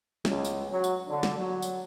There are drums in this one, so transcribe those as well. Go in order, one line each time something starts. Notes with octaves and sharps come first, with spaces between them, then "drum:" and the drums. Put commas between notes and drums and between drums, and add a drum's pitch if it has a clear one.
C#2, drum: snare
drum: tambourine
F#3
drum: tambourine
D3
drum: snare
F#3
drum: tambourine